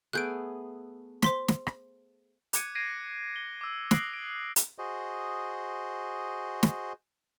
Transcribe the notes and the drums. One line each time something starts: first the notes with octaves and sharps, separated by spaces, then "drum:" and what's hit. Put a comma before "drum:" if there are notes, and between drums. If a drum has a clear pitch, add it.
A3 B3 G#4 F#6 G6 D7
C5 C6 B6, drum: snare
drum: snare
drum: rim click
D6 F#6 G#6 C#7 D#7, drum: hi-hat
G#6 A#6 C7 D7 D#7
G7
D6 E6
D#6 F#6 A#6 C7 D7 F#7, drum: snare
D7
drum: hi-hat
F#4 G#4 C5 D#5
drum: snare